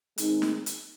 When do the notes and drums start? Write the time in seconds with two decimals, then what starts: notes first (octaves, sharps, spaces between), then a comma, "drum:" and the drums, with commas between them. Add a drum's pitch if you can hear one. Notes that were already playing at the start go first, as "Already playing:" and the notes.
0.18 D#3 G#3 C4 D#4, drum: hi-hat
0.42 drum: snare
0.66 drum: hi-hat